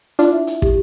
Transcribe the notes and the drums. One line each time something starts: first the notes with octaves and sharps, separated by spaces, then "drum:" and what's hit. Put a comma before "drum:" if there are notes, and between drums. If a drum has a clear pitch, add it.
D4 E4 F4, drum: hi-hat
E5
E4, drum: hi-hat
G4, drum: kick